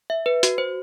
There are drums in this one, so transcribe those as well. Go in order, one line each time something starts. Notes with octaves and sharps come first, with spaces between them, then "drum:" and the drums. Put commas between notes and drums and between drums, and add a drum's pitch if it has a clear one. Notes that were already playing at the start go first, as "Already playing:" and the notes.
E5
B4
F#4, drum: hi-hat
C5